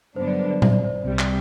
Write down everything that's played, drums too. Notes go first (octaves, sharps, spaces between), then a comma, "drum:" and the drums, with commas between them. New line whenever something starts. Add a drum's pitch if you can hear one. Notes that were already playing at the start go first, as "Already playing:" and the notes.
G2 D3 F#3 B3 D4 C5
D5
C5
D5
C5, drum: tom A#2
D5
C5
C2 C3 G3
drum: clap